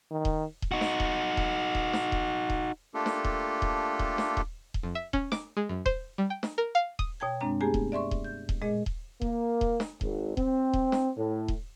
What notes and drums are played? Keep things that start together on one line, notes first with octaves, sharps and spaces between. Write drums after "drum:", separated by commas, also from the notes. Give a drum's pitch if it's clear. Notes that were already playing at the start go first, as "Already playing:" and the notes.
D#3
drum: kick D#1
drum: kick D#1
D#4 F#4
drum: snare
drum: kick D#1
drum: kick D#1
drum: kick D#1
drum: snare
drum: kick D#1
drum: kick D#1
A3 A#3 D4 F4 G4 A4
drum: snare
drum: kick D#1
drum: kick D#1
drum: kick D#1
drum: snare
drum: kick D#1
drum: kick D#1
F2
E5
C#4, drum: kick D#1
D6, drum: snare
G#3
F#2
C5, drum: kick D#1
G3
G5
drum: snare
A#4
F5
D#6, drum: kick D#1
B2 C#5 G5 A5 G#6
F#2 G#3 C4 D4 A#5
A3 B3 G4 G#4 G#5 A#5
drum: kick D#1
D5 E5 C6 C#6
drum: kick D#1
G6
drum: kick D#1
A#2 G#3 G#4 D#5
drum: kick D#1
A#3, drum: kick D#1
drum: kick D#1
drum: snare
G#1, drum: kick D#1
C4, drum: kick D#1
drum: kick D#1
drum: snare
A2
drum: kick D#1